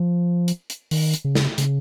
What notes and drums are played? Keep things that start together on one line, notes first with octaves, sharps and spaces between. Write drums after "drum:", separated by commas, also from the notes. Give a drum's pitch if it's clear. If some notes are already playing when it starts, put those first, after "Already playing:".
Already playing: F3
drum: hi-hat
drum: hi-hat
D#3, drum: open hi-hat
drum: hi-hat
C#3
drum: snare
C#3, drum: hi-hat